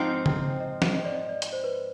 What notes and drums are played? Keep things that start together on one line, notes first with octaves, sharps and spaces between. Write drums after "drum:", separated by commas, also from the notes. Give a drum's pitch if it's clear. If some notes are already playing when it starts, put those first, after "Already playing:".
Already playing: G#2 F3 C4 D#4
G5, drum: tom C#3
D#5
drum: snare
D#5
D5
D#5
D5
drum: hi-hat
C5
B4